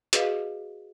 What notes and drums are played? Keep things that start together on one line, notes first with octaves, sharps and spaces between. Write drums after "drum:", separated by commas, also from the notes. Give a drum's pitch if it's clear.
F#4 G#4 B4 D#5 F5, drum: hi-hat